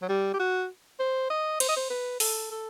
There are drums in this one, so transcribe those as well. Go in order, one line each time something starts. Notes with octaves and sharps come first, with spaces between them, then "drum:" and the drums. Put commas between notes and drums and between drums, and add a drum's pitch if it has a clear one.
F#3
G3
G4
F#4
C5
D#5
C5, drum: cymbal
D#5
C5
B4
A4, drum: open hi-hat
A4